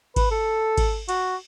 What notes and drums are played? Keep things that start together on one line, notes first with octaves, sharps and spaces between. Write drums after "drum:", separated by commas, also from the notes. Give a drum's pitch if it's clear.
B4, drum: kick G#1, cymbal
A4
drum: kick G#1, cymbal
F#4, drum: cymbal